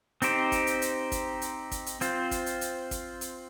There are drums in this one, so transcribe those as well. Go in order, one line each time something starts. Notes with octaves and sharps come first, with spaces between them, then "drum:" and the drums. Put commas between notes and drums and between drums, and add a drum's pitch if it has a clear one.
C4 D#4 G4 C5, drum: hi-hat
drum: kick, hi-hat
drum: hi-hat
drum: hi-hat
drum: kick, hi-hat
drum: hi-hat
drum: kick, hi-hat
drum: hi-hat
C4 F4 C5, drum: hi-hat
drum: kick, hi-hat
drum: hi-hat
drum: hi-hat
drum: kick, hi-hat
drum: hi-hat